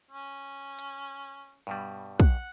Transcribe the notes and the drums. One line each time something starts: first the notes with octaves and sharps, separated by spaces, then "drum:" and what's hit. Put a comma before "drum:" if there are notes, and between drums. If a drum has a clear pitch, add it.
C#4
drum: hi-hat
G2 B2 G3
F#5, drum: kick